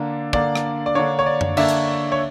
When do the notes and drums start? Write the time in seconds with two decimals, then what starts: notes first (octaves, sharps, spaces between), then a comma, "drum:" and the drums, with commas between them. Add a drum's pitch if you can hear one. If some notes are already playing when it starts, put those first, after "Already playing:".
Already playing: D3 A#3 D4
0.33 D3 A#3 D4 D5, drum: kick
0.56 drum: rim click
0.86 D5
0.95 D3 A#3 D4 C#5
1.19 C#5
1.26 D5
1.41 drum: tom F#2
1.57 D3 A#3 D4 E5, drum: cymbal
1.69 drum: hi-hat
2.12 C#5